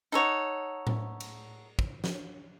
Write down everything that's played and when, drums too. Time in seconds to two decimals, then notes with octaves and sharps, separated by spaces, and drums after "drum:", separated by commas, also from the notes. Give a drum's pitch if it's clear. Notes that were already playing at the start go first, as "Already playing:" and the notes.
0.12 D#4 A4 C#5 F#5
0.87 drum: tom A2
1.20 drum: cymbal
1.79 drum: kick
2.04 drum: snare